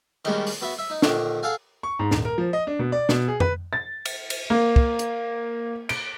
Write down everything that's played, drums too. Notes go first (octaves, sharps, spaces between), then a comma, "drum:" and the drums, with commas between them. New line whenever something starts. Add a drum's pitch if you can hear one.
D#3 G3 G#3 A#3 C#4, drum: cymbal
drum: open hi-hat
B3 F#4 E5
E5
D#4
A#1 D3 D#3 C#5 F#5, drum: snare
G#4 A4 F5 F#5 G#5
C#6
G#2
D#1, drum: snare
A#4
F3
D#5
D4
B2
D5
B2, drum: snare
G#4
B4, drum: tom F2
A6
drum: cymbal
drum: cymbal
A#3
drum: kick
drum: hi-hat
D7, drum: cymbal